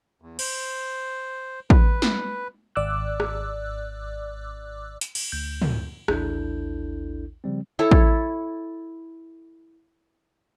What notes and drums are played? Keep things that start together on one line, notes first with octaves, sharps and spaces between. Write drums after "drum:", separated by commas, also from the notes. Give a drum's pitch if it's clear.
E2
C5, drum: cymbal
B4, drum: kick
drum: snare
G#1 D5 D6 E6 F#6
drum: rim click
drum: hi-hat
drum: cymbal
D2 G6
drum: tom
A1 D#2 D4 E4 A4 G6, drum: rim click
C#3 F3 G3 C4
E4 A4 C#5
drum: kick